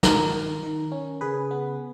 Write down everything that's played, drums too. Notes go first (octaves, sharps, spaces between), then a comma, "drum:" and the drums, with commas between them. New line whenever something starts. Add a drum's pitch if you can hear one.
D#3 A#4, drum: snare
D#3
D#3
C#4
C#3 G#4 B4
B3